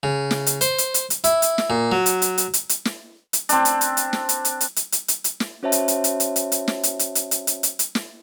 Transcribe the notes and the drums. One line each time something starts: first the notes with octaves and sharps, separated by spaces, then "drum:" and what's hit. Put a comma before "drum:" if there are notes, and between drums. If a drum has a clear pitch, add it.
C#3
drum: snare
drum: hi-hat
C5, drum: hi-hat
drum: hi-hat
drum: hi-hat
drum: hi-hat
E4, drum: hi-hat
drum: hi-hat
drum: snare
A#2
F#3
drum: hi-hat
drum: hi-hat
drum: hi-hat
drum: hi-hat
drum: hi-hat
drum: snare
drum: hi-hat
C4 D4, drum: hi-hat
drum: hi-hat
drum: hi-hat
drum: hi-hat
drum: snare
drum: hi-hat
drum: hi-hat
drum: hi-hat
drum: hi-hat
drum: hi-hat
drum: hi-hat
drum: hi-hat
drum: snare
C#4 F#4 C5 C#5 E5 A5
drum: hi-hat
drum: hi-hat
drum: hi-hat
drum: hi-hat
drum: hi-hat
drum: hi-hat
drum: snare
drum: hi-hat
drum: hi-hat
drum: hi-hat
drum: hi-hat
drum: hi-hat
drum: hi-hat
drum: hi-hat
drum: snare